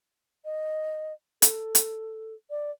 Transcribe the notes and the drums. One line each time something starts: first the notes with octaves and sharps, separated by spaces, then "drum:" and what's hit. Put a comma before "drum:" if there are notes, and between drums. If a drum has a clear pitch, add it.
D#5
A4, drum: hi-hat
drum: hi-hat
D5